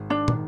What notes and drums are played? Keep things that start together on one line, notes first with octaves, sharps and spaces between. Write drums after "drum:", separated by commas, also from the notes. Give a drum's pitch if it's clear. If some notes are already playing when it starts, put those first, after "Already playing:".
Already playing: G#1
D4
D#3, drum: tom